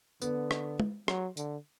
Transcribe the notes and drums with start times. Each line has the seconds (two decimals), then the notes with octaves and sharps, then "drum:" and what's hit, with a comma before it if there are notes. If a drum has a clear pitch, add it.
0.22 D3 B3, drum: tambourine
0.51 drum: rim click
0.80 drum: tom
1.08 F#3, drum: rim click
1.37 D3, drum: tambourine